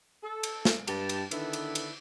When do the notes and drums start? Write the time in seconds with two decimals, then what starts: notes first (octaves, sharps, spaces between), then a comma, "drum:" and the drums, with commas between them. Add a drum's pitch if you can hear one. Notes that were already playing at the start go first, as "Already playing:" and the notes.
0.24 A4
0.43 drum: cymbal
0.65 drum: snare
0.87 G2 G4 A5, drum: cymbal
1.09 drum: cymbal
1.31 D3 D#3 B3 E4 A4 B4, drum: cymbal
1.53 drum: cymbal
1.75 drum: cymbal